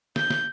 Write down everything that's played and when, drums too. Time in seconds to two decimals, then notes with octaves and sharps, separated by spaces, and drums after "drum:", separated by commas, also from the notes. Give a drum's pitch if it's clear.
0.16 G6, drum: snare
0.30 drum: snare